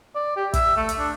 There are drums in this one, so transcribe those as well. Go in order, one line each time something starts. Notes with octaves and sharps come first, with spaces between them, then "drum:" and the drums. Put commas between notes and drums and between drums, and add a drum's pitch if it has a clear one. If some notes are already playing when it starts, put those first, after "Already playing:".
D5
G4
E5, drum: kick, hi-hat
A3
drum: hi-hat
D4